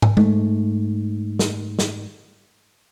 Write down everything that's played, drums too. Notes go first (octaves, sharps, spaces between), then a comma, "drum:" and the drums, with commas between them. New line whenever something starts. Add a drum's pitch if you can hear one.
drum: tom
G#2 A3, drum: tom G#3
drum: snare
drum: snare